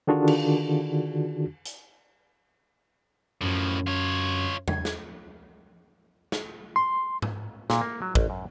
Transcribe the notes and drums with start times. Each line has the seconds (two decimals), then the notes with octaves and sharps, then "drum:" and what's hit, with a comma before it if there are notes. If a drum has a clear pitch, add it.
0.07 D3 D#3 D4 F4 F#4 G#4
0.28 drum: cymbal
1.65 drum: hi-hat
3.41 F#2 A2 F3
3.87 F4 C#5
4.68 G#6, drum: tom E2
4.85 drum: snare
6.32 drum: snare
6.76 C6
7.22 drum: tom G#2
7.70 A#2, drum: snare
7.81 A#3
8.02 F#3
8.15 A1, drum: kick
8.30 F#2